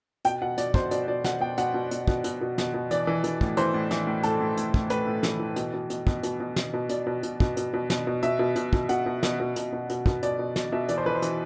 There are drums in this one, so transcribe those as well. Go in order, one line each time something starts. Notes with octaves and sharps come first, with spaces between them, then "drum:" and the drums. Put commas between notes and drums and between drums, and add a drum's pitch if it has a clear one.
B2 G5, drum: hi-hat
B2 F#5
B2 D5, drum: hi-hat
B2 C5, drum: kick
B2 D5, drum: hi-hat
B2 D5
B2 F#5, drum: snare
B2 G5
B2 F#5, drum: hi-hat
B2
B2, drum: hi-hat
B2, drum: kick
B2, drum: hi-hat
B2
B2, drum: snare
B2
E3 D5, drum: hi-hat
E3
E3, drum: hi-hat
A2, drum: kick
E3 C5, drum: hi-hat
A2
E3, drum: snare
A2
A2 A4, drum: hi-hat
A2
A2, drum: hi-hat
A2, drum: kick
A2 B4, drum: hi-hat
A2
E3, drum: snare
E3
B2, drum: hi-hat
B2
B2, drum: hi-hat
B2, drum: kick
B2, drum: hi-hat
B2
B2, drum: snare
B2
B2 D5, drum: hi-hat
B2
B2, drum: hi-hat
B2, drum: kick
B2, drum: hi-hat
B2
B2, drum: snare
B2
B2 E5, drum: hi-hat
B2
B2, drum: hi-hat
B2, drum: kick
B2 F#5, drum: hi-hat
B2
B2, drum: snare
B2
B2, drum: hi-hat
B2
B2, drum: hi-hat
B2, drum: kick
B2 D5, drum: hi-hat
B2
B2, drum: snare
B2 E5
E3 D5, drum: hi-hat
C5
E3 B4
C5
E3, drum: hi-hat